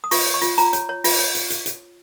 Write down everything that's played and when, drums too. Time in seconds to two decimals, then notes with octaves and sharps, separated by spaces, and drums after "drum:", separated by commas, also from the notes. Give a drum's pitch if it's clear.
0.04 D#6
0.11 F4 C#6, drum: open hi-hat
0.27 C#5
0.34 C#6
0.42 F4, drum: hi-hat
0.58 F4 A#5, drum: hi-hat
0.73 C#5, drum: hi-hat
0.89 C#5
1.04 F4, drum: open hi-hat
1.19 C#5
1.35 drum: hi-hat
1.50 drum: hi-hat
1.66 drum: hi-hat